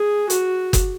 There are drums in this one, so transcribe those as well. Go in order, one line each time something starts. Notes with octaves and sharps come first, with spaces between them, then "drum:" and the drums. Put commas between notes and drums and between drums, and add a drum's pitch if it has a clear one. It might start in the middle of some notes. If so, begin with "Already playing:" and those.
Already playing: G#4
F#4, drum: hi-hat
drum: kick F#1, hi-hat